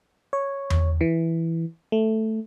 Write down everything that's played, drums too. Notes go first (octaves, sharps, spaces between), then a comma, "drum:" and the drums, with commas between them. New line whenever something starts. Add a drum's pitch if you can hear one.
C#5
drum: tom E2
E3
A3